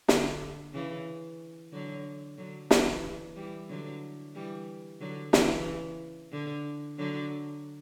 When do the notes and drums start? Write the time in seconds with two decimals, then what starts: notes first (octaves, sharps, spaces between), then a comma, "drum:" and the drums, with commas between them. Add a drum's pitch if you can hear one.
0.08 D3, drum: snare
0.74 C#3 E3
1.72 D3 F#3
2.38 D3 F#3
2.71 C#3 E3, drum: snare
3.36 E3 G3
3.69 D3 F#3
4.35 E3 G3
5.01 D3 F#3
5.33 C#3 E3, drum: snare
6.32 D3
6.98 D3 F#3